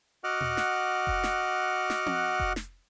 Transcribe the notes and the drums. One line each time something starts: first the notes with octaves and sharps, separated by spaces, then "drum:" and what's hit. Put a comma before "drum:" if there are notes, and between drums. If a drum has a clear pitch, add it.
F#4 D#5 F#5 D6 F6 F#6
drum: tom A#2
drum: snare
drum: kick F1
drum: snare
drum: snare
drum: tom C4
drum: kick F1
drum: snare